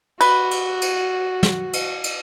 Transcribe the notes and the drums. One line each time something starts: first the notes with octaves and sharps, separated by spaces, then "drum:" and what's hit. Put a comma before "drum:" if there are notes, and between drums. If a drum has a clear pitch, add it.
F#4 B4, drum: cymbal
drum: cymbal
drum: cymbal
drum: snare
drum: cymbal
drum: cymbal